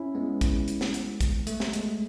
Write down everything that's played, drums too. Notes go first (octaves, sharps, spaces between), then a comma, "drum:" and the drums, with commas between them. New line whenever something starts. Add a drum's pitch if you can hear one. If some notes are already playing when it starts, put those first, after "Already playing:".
Already playing: C#4 E4
G#3 B3
drum: kick, hi-hat
drum: hi-hat
drum: snare
drum: hi-hat
drum: kick, hi-hat
A3, drum: hi-hat
drum: snare
G#3, drum: hi-hat